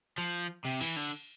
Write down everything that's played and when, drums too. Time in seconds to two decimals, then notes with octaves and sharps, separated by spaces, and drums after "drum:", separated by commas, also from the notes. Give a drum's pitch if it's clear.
0.18 F3
0.65 C3
0.81 E3, drum: cymbal
0.96 D3